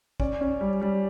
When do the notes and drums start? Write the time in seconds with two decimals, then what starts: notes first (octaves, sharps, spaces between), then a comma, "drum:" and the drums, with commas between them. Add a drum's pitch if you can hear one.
0.20 C#4 D5, drum: kick
0.41 C#4
0.61 G3
0.81 G3